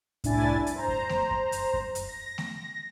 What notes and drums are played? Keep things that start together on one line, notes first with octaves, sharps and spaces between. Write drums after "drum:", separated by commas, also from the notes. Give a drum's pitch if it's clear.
C2 A2 D4 E4 G#5 A6, drum: kick F#2, hi-hat
drum: hi-hat
C5 A#5
drum: kick F#2
drum: snare A3
drum: kick F#2
drum: hi-hat
drum: kick F#2
drum: hi-hat
A#6
drum: snare A3